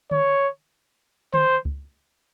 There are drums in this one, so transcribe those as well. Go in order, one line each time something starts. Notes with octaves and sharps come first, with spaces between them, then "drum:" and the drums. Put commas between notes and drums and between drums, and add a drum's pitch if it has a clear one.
C#5, drum: tom D3
C5, drum: tom D3
drum: kick C#2